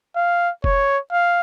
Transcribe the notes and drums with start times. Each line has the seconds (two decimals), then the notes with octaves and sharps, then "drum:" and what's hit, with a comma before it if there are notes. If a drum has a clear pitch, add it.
0.16 F5
0.64 C#5, drum: kick F1
1.12 F5